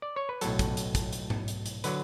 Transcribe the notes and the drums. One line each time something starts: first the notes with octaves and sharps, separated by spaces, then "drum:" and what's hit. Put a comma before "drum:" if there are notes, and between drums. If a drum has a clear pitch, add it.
D5
C#5
B4
B1 A2 F#3 A4, drum: hi-hat
drum: kick, hi-hat
drum: hi-hat
drum: kick, hi-hat
drum: hi-hat
drum: tom G#2
drum: hi-hat
drum: hi-hat
D3 F#3 B4, drum: hi-hat